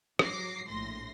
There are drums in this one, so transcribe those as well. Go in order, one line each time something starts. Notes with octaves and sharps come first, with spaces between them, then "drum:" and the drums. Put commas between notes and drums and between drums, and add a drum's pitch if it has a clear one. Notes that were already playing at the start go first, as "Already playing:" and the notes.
G#2 F#3 D6 A#6 C7, drum: rim click
A#1 A2 C6 A#6